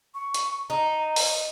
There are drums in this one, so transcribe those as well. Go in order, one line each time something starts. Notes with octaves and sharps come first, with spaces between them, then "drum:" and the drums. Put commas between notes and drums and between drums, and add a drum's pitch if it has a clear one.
C#6
drum: hi-hat
D#4 A#5
drum: open hi-hat